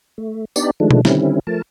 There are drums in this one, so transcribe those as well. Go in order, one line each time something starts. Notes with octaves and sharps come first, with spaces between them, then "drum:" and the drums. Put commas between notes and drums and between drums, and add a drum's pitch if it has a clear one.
A3
B3 D4 D#4 G4 D5, drum: tambourine
D#3 F3 G#3 A3 D4
drum: tom B2
D3 D#3 G3 C4 C#4 E4, drum: snare
F3 A3 A#4 A5